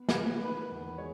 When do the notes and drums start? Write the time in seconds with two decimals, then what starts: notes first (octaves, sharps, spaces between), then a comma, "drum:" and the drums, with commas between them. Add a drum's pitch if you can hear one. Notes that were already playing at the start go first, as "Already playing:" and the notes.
Already playing: B3
0.09 B4, drum: snare
0.17 G#3
0.26 B4
0.44 D#3 B4
0.72 E2
0.98 G#3 C#5